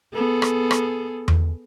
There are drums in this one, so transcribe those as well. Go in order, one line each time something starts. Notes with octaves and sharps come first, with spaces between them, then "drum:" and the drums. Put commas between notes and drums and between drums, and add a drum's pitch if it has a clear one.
B3 G#4 A4
drum: rim click
drum: rim click
drum: tom E2